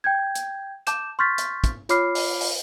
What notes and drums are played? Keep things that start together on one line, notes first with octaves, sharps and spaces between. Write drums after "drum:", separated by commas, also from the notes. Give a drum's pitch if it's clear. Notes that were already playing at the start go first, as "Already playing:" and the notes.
G5 G6 G#6
drum: hi-hat
A5 D6 G6 E7, drum: hi-hat
C6 C#6 F6 G6 A6 B6
drum: hi-hat
drum: kick, hi-hat
F4 C#5 B5 D6 F6 C7, drum: hi-hat
drum: open hi-hat
drum: open hi-hat